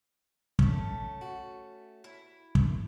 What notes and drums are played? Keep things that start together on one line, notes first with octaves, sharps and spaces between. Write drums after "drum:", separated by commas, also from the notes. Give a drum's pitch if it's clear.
A3 C#4, drum: kick
F#4
E4
drum: kick